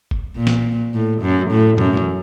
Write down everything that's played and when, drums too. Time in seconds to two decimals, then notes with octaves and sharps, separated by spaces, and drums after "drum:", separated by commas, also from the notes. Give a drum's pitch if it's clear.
0.11 drum: kick
0.36 A#2
0.47 drum: snare
0.94 A2
1.22 F#2
1.50 A2
1.78 F#2, drum: tom
1.97 drum: tom E3